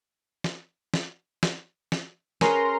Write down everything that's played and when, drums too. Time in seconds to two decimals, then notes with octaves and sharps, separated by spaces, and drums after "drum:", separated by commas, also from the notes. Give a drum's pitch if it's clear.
0.44 drum: snare
0.94 drum: snare
1.43 drum: snare
1.92 drum: snare
2.41 C#4 G#4 A#4 B4 A#5 C6, drum: snare